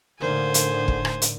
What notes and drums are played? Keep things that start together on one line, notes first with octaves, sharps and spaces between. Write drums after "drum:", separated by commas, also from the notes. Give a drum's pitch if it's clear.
A2 D3 A#3 D#4 C5 G#5
drum: hi-hat
drum: kick
drum: rim click
drum: hi-hat